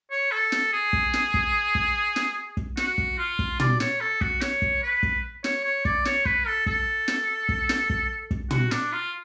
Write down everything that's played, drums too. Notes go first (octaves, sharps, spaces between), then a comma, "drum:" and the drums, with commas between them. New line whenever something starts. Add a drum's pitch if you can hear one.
C#5
A4
drum: snare
G#4
drum: kick
drum: snare
drum: kick
drum: kick
drum: snare
drum: kick
F#4, drum: snare
drum: kick
F4
drum: kick
D5, drum: tom
C#5, drum: snare
A4
F#4, drum: kick
C#5, drum: snare
drum: kick
B4
drum: kick
C#5, drum: snare
C#5
D5, drum: kick
C#5, drum: snare
B4, drum: kick
A4
A4, drum: kick
drum: snare
drum: kick
drum: snare
drum: kick
drum: kick
F#4, drum: tom
D4, drum: snare
F4